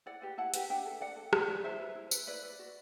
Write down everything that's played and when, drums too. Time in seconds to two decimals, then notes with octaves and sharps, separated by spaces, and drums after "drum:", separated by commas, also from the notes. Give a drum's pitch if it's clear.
0.06 E4 D5 F#5
0.22 G4 B4
0.38 E4 F#5 A5
0.54 G4 B4, drum: hi-hat
0.69 D4 E5 G5
0.86 A4
1.00 D4 D5 F#5
1.16 A4
1.33 E4, drum: rim click
1.48 B4
1.64 E4 C5 E5
1.80 B4
1.95 E4
2.11 B4, drum: tambourine
2.27 E4 B4 D5
2.44 B4
2.59 F#4